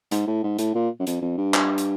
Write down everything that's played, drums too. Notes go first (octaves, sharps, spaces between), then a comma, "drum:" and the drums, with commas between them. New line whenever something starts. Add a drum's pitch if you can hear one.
G#2, drum: hi-hat
A2
G#2
A2, drum: hi-hat
A#2
F#2
F2, drum: hi-hat
F2
G2
drum: clap
drum: hi-hat